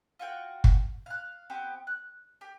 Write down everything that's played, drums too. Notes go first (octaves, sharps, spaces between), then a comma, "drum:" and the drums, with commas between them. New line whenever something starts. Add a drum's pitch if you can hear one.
F4 F#4 G5
drum: kick
F5 F#6
B3 C4 G4
F#6
G4